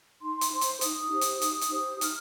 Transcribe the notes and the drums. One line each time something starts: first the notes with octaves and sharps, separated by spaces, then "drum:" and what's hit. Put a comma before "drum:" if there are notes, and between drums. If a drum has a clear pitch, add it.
D#4 C6
drum: hi-hat
C5 C6
drum: hi-hat
D#4 D#6, drum: hi-hat
G4 C5
drum: hi-hat
D#4, drum: hi-hat
drum: hi-hat
G4 C5
D#4 F6, drum: hi-hat